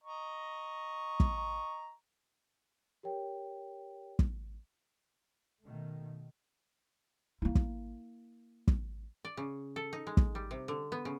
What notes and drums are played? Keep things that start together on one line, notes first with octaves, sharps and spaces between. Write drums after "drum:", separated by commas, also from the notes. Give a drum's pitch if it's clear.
D#5 A#5 C#6
drum: kick
G4 A#4 C#5 G5
drum: kick
B2 D#3 A3
A#3 E4
drum: kick
drum: kick
D5
C#3
A4
D#4
G#3
drum: kick
G3
C3
D3
B3
C#3